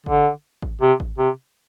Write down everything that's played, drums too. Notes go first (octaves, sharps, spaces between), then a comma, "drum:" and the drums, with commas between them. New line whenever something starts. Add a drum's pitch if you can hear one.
D3, drum: kick G#1
drum: kick G#1
C3
drum: kick G#1
C3